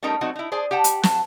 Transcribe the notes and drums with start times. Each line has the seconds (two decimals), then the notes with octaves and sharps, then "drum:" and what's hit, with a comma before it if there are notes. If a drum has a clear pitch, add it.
0.03 G3 A3 C#4 D#4 A#4 A#5
0.21 F#3 A3 C4 D#4 F#4
0.36 D#4 E4
0.52 G#4 C5 D5 G#5
0.71 G4 F#5 G5 A5
0.84 drum: hi-hat
1.03 F#3 A5, drum: snare